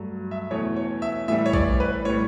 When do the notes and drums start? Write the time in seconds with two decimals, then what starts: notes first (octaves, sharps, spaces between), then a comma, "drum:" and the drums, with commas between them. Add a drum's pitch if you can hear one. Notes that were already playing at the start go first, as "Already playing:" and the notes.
Already playing: G2 F#3 A3
0.31 E5
0.51 E2 B2 A3 C#5
0.76 C#5
1.02 E5
1.28 A2 E3 G3 E5
1.46 C#5
1.53 D5, drum: kick
1.80 B4
2.05 A2 G3 C#5